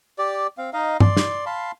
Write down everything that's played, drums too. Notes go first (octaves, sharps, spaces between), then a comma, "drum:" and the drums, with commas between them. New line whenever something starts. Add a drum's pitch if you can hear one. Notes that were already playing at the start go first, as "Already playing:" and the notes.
G4 D5
C4 F5
D#4 D#5 F5
D5 C6, drum: tom G2
drum: snare
F5 A5 B5 C6